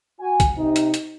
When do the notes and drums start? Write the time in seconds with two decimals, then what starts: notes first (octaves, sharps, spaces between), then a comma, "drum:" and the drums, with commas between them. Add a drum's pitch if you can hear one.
0.20 F#4 G#5
0.40 drum: kick C2, hi-hat
0.58 C3 D#4
0.76 drum: hi-hat
0.94 drum: hi-hat